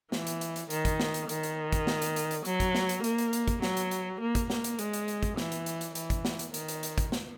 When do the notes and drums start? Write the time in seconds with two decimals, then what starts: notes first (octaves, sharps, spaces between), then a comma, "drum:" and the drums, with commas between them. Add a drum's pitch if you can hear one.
0.12 E3, drum: snare
0.27 drum: hi-hat
0.41 drum: hi-hat
0.56 drum: hi-hat
0.70 D#3, drum: hi-hat
0.85 drum: kick, hi-hat
1.00 drum: snare
1.14 drum: hi-hat
1.29 D#3, drum: hi-hat
1.43 drum: hi-hat
1.73 drum: kick, hi-hat
1.87 drum: snare
2.02 drum: hi-hat
2.16 drum: hi-hat
2.31 drum: hi-hat
2.45 F#3, drum: hi-hat
2.60 drum: kick, hi-hat
2.75 drum: snare
2.89 drum: hi-hat
3.04 A#3, drum: hi-hat
3.18 drum: hi-hat
3.33 drum: hi-hat
3.48 drum: kick, hi-hat
3.62 F#3, drum: snare
3.77 drum: hi-hat
3.91 drum: hi-hat
4.21 A#3
4.35 drum: kick, hi-hat
4.50 A#3, drum: snare
4.64 drum: hi-hat
4.79 G#3, drum: hi-hat
4.93 drum: hi-hat
5.08 drum: hi-hat
5.23 drum: kick, hi-hat
5.37 E3, drum: snare
5.52 drum: hi-hat
5.66 drum: hi-hat
5.81 drum: hi-hat
5.95 E3, drum: hi-hat
6.10 drum: kick, hi-hat
6.25 drum: snare
6.39 drum: hi-hat
6.54 D#3, drum: hi-hat
6.68 drum: hi-hat
6.83 drum: hi-hat
6.98 drum: kick, hi-hat
7.12 drum: snare